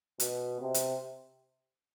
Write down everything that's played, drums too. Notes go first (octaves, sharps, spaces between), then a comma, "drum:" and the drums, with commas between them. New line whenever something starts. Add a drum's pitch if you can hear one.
B2, drum: hi-hat
C3
drum: hi-hat